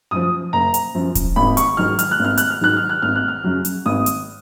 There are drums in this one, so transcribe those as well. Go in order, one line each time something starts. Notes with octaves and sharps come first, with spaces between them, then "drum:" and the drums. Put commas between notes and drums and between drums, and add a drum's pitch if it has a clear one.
F#2 F3 D#6
F#1 A#5
drum: hi-hat
F#2 F3
drum: kick D#1, hi-hat
G#1 B5
C#6, drum: hi-hat
G#2 D#3 F#3 F6
F6, drum: hi-hat
F#6
G#1
F6
F#6, drum: hi-hat
F6
G#2 D#3 F#3 F#6
F6
F#6
G#1 F6
F#6
F6
F#2 C#3 F#3
drum: hi-hat
G#1 D#6
drum: hi-hat